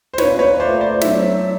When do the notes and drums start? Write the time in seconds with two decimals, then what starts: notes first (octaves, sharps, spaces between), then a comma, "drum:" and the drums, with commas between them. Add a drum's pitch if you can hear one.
0.14 C5
0.18 A#2 B4 C#5, drum: snare
0.39 B4 C#5
0.60 A3 C5 D5
0.81 C5 D5
1.01 F#3 D5 E5, drum: snare